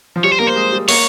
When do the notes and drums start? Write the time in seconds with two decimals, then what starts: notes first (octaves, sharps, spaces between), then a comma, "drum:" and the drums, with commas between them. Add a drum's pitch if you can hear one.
0.16 F3
0.24 G3 C#5
0.32 C5
0.39 A#3 A#4
0.47 C5
0.56 G#3
0.72 G3
0.88 A#3 C#5, drum: open hi-hat